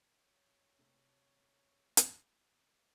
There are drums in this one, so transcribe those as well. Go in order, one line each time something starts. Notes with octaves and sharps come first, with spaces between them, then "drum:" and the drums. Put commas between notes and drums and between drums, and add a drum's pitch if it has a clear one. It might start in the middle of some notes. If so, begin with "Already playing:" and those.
C#5
C3 A3
drum: hi-hat